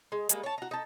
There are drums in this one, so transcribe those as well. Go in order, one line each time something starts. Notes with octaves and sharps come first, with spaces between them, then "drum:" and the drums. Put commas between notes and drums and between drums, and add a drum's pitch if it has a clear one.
G#3
G3 G#3 A#3, drum: hi-hat
C#5 A5
F#4 A#5
D#4 A4